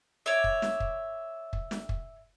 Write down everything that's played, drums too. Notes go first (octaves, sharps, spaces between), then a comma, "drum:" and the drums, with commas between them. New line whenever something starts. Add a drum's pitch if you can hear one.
C#5 D5 E5
drum: kick
drum: snare
drum: kick
drum: kick
drum: snare
drum: kick